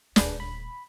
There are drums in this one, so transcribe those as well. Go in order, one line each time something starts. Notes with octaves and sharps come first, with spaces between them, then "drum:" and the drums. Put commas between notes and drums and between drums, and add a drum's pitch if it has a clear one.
D#1 D2 D4 G#4 B4, drum: snare
B5